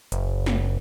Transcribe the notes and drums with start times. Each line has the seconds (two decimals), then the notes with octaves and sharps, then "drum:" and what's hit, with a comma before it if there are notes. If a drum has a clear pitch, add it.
0.12 F#1, drum: hi-hat
0.46 drum: snare